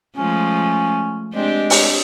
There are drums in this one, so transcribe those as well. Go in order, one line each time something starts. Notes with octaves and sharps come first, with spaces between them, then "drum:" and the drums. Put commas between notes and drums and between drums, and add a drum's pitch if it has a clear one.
F3 G#3 A3 C#4
G#3 C4 D4 G4
drum: open hi-hat